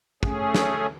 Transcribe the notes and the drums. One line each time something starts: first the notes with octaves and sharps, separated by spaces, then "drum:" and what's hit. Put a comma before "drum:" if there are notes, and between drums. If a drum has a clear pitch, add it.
A3 C#4 G#4, drum: kick
drum: snare